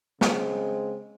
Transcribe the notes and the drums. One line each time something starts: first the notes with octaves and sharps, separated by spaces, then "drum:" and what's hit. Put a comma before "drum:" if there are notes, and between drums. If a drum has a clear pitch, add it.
C#3 G#3 C4, drum: snare